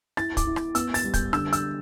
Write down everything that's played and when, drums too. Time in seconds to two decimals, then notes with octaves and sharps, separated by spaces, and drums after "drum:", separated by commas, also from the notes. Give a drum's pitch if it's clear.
0.17 E4 A6, drum: rim click
0.37 D6, drum: kick, hi-hat
0.47 E4
0.56 drum: rim click
0.75 B3 E6, drum: hi-hat
0.94 A6, drum: open hi-hat
1.04 G3
1.14 G6, drum: kick, hi-hat
1.33 D3 E6, drum: rim click
1.53 E6, drum: hi-hat